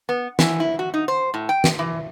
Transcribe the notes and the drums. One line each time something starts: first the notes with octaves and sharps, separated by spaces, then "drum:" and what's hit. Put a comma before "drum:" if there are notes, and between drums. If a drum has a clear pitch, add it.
B3
E3, drum: snare
E4
F#4
D#4
C5
A2
G5
drum: snare
E3